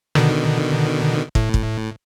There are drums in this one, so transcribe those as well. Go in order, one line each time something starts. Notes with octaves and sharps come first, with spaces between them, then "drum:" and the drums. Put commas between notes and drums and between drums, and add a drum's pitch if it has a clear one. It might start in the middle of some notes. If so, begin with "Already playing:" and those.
B2 D3 D#3, drum: rim click
A2, drum: kick
drum: kick